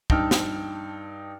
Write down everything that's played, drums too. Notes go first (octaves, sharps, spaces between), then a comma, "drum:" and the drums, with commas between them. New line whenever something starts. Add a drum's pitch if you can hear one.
G2 D#4 G5 A5 E6 F6, drum: kick
drum: snare